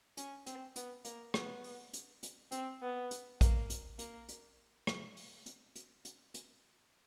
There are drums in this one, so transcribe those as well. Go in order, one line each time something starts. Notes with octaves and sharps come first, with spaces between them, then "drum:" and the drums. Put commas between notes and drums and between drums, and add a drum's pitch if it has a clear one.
C#4, drum: hi-hat
C4, drum: hi-hat
B3, drum: hi-hat
A#3, drum: hi-hat
B3, drum: rim click
drum: open hi-hat
drum: hi-hat
drum: hi-hat
C4, drum: hi-hat
B3
drum: hi-hat
A#3, drum: kick A#1, hi-hat
drum: hi-hat
A#3, drum: hi-hat
drum: hi-hat
drum: rim click
drum: open hi-hat
drum: hi-hat
drum: hi-hat
drum: hi-hat
drum: hi-hat